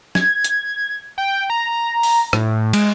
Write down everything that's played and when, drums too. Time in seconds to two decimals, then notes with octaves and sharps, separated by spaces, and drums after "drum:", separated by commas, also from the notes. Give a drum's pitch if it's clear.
0.15 G#6, drum: snare
0.44 drum: hi-hat
1.18 G5
1.50 A#5
2.03 drum: open hi-hat
2.33 A2, drum: rim click
2.73 G#3, drum: cymbal